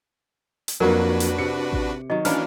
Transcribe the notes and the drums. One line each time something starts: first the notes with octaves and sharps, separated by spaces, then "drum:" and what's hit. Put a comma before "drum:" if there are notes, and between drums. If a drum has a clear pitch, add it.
drum: hi-hat
F2 F#3 A#3 D4 F#4 A#4 B4
drum: hi-hat
C3 C#7
drum: kick A1
D#3 F#3 D#5
E3 A#3 C#4 D4 B4 F6, drum: hi-hat